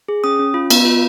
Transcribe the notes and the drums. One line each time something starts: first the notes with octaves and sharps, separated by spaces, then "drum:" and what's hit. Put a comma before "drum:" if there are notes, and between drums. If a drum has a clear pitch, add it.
G#4
C#4 D#6
C#4
F4
B3, drum: cymbal
F4